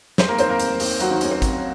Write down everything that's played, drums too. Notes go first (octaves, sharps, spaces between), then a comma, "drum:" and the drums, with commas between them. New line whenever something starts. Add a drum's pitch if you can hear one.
F1 C4 C5, drum: snare
A#3 A#4
D#2 D#3 C4 C5, drum: hi-hat
A#3 A#4
F1, drum: hi-hat
D#2 D#3, drum: open hi-hat
F1 F#3 F#4, drum: hi-hat
D#3 D#4
D#2 D#3 C#4, drum: hi-hat
C4
F1, drum: kick, hi-hat